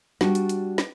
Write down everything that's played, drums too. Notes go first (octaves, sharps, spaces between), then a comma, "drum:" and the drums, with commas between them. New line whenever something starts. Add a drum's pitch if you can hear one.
G3 D4 F#4, drum: snare
drum: hi-hat
drum: hi-hat
drum: snare